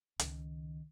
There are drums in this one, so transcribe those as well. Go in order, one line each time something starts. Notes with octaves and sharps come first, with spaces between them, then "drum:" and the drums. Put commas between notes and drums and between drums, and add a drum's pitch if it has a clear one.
C#2 D#3, drum: hi-hat